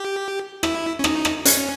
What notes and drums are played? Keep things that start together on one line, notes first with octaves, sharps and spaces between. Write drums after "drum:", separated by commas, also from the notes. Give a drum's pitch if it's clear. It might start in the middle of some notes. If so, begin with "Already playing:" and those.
Already playing: G4
E4, drum: rim click
C#4
D#4, drum: rim click
drum: rim click
C#4, drum: hi-hat